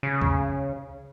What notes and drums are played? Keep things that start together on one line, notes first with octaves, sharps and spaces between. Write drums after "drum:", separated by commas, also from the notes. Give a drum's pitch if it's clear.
C#3
drum: kick C#2